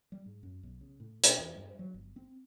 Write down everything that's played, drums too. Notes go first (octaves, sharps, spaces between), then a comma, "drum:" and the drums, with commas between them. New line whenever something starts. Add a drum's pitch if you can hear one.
G3
G#2
F#2
B1
C#3
A2
B2, drum: hi-hat
E2
G2
F#3
G1
C4